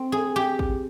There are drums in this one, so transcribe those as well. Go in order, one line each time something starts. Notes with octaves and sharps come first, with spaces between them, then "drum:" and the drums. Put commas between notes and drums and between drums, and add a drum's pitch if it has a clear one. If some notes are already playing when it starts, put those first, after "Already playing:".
Already playing: C4
G#4
G4
drum: kick